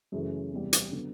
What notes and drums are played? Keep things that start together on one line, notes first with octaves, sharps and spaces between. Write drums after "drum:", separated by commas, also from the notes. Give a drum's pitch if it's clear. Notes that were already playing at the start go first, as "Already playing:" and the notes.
F#2 C#3 E3 A3
E2 C3 E3 G3
drum: hi-hat
D3 F#3 B3